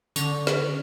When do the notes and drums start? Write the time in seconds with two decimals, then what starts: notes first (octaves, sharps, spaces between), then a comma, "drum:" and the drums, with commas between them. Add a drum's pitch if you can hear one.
0.16 D3 C#4, drum: tambourine
0.47 drum: snare